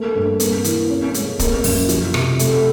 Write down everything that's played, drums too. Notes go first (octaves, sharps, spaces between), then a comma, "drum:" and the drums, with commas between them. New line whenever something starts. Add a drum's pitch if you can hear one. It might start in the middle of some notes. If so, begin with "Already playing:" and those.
Already playing: A3 A#3
G2
A#3, drum: hi-hat
E3, drum: hi-hat
C#4
G#3, drum: hi-hat
A#3, drum: kick, hi-hat
F#2, drum: open hi-hat
F3, drum: hi-hat
C3, drum: rim click
A3, drum: hi-hat